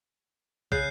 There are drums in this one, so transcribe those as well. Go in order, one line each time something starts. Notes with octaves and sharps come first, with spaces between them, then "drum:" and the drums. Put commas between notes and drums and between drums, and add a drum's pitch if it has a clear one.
C#3 F#6 G6 C7, drum: kick